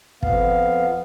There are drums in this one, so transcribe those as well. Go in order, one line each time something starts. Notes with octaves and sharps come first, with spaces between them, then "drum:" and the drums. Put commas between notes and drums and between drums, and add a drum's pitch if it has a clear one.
F2 B3 F5, drum: kick